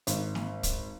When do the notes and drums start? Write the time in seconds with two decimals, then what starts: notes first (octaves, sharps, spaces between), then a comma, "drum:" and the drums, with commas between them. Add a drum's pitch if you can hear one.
0.07 G#1, drum: hi-hat
0.35 drum: snare
0.63 drum: kick, hi-hat